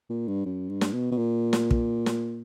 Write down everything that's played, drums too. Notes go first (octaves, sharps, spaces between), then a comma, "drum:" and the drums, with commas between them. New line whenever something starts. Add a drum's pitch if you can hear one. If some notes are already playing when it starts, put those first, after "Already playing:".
A#2
G2
F#2
G2
drum: snare
B2
B2
A#2
drum: snare
drum: kick
drum: snare